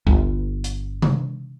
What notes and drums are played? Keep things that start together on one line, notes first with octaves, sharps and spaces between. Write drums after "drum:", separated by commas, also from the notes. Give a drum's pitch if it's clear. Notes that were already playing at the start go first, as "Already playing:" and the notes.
G1, drum: kick C#2
drum: hi-hat
drum: tom